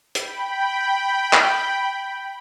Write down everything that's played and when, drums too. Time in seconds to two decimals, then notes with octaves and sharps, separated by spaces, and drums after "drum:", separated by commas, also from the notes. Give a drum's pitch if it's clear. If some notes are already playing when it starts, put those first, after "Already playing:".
0.15 G5 B5, drum: hi-hat
1.33 drum: clap